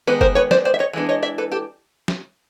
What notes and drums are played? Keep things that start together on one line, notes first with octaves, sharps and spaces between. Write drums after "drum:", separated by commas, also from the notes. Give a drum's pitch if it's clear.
D#3 G#3 B3 B4
A#4 C5, drum: kick F#1
B4 C#5
C5 D5, drum: snare
C5 D5
E5
C#5 D#5
E3 G#3 B3 D4
C#5 D#5
D5 E5
A4 B4
G4 A4
drum: snare